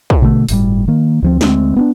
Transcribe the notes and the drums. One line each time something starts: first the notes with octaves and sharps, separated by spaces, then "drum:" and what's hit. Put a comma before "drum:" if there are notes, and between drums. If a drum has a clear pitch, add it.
drum: kick
B2 D3 F3 A3
G1 A2 C3 G3, drum: open hi-hat
D#3 A#3
D2 F3 C4
D2 G#3 A3 C4, drum: snare
B3 C#4 D4